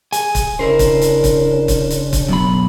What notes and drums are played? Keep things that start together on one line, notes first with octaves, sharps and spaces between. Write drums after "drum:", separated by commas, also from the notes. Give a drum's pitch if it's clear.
G#4 G#5, drum: hi-hat
drum: kick, hi-hat
C#3 C#4 D4 E4 A#4 C5
drum: kick, hi-hat
drum: hi-hat
drum: kick, hi-hat
drum: kick, hi-hat
drum: hi-hat
drum: kick, hi-hat
F#2 B2 B5